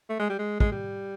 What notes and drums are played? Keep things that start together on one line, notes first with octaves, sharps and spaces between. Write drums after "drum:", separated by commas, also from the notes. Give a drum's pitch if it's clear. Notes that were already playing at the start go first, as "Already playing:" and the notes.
A3
G#3
G3
G#3
G#3, drum: kick
G3